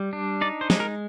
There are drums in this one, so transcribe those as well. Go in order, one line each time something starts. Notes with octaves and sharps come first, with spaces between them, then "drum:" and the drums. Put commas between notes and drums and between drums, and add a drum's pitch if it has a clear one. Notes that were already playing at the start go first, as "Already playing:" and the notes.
Already playing: G3
D4
D#4 D5
C5
G#3, drum: snare
A#4